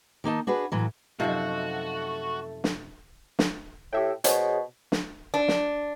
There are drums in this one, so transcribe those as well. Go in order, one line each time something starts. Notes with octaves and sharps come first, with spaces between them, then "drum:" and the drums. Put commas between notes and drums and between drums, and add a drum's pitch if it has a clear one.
D#3 A#3 D#4 A5
D4 F#4 G#4 B4
A2 E3 F#3
F#2 C3 F3 A3 C4 D#4 F#4
drum: snare
drum: snare
A2 G4 E5 G5
B2 G#4 C5 C#5, drum: hi-hat
drum: snare
D4
drum: snare